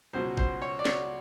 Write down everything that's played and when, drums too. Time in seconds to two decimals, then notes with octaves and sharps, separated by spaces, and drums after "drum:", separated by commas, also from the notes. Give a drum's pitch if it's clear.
0.13 C#2 B2 F#3 C5
0.37 C5, drum: kick G#1
0.62 C#5
0.79 D5
0.85 C#5, drum: snare